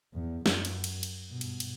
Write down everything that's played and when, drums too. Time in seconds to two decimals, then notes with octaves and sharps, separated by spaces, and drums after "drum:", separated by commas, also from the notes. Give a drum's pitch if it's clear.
0.14 E2
0.46 F#2, drum: snare
0.65 drum: cymbal
0.84 drum: cymbal
1.03 drum: cymbal
1.31 G2 B2
1.41 drum: cymbal
1.60 drum: cymbal